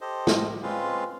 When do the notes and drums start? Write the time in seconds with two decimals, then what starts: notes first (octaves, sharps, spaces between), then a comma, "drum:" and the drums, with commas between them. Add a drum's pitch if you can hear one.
0.01 G4 A4 C5 D#5
0.27 drum: snare
0.63 G#3 C4 C#4 F4 B4 F5